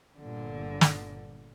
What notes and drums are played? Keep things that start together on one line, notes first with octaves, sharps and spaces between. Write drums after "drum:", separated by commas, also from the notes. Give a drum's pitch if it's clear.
G1 A#2 D3
drum: snare